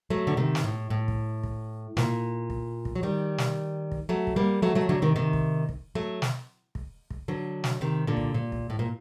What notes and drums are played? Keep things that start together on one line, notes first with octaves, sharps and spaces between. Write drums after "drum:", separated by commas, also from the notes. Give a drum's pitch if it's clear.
F#3 A3
D3
C3 D#3
drum: snare
A2
A2
drum: kick
drum: kick
A#2, drum: snare
drum: kick
drum: kick
F#3
D#3 G3
drum: snare
drum: kick
F#3 A3
drum: kick
G3 A#3
F#3 A3
F#3 A3
D3 F#3
C3 D#3
C3 D#3
drum: kick
drum: kick
F#3 A3
drum: snare
drum: kick
drum: kick
D3 F#3
drum: snare
C3 D#3
A#2 D3
drum: kick
A#2
drum: kick
A2
A#2